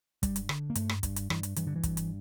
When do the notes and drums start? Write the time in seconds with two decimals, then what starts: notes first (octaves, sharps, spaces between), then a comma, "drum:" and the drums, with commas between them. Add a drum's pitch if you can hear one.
0.23 G2 G3, drum: kick, hi-hat
0.36 drum: hi-hat
0.49 D3, drum: rim click
0.70 A#3
0.75 G2 A3, drum: hi-hat
0.89 drum: rim click
1.03 G2, drum: kick, hi-hat
1.16 drum: hi-hat
1.30 G2 E3, drum: rim click
1.43 drum: hi-hat
1.56 G2 E3, drum: hi-hat
1.67 D3
1.76 E3
1.83 G2, drum: kick, hi-hat
1.97 drum: hi-hat